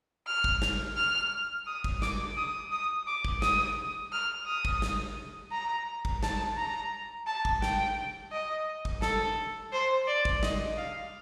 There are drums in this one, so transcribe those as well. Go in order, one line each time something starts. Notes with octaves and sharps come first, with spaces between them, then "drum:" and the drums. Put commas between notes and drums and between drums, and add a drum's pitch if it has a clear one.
F6
drum: kick
drum: snare
F6
D#6
drum: kick
D6, drum: snare
D#6
D#6
D6
drum: kick
D#6, drum: snare
F6
D#6
drum: kick
drum: snare
A#5
drum: kick
A5, drum: snare
A#5
A5
drum: kick
G5, drum: snare
D#5
drum: kick
A4, drum: snare
C5
D5
drum: kick
D#5, drum: snare
F5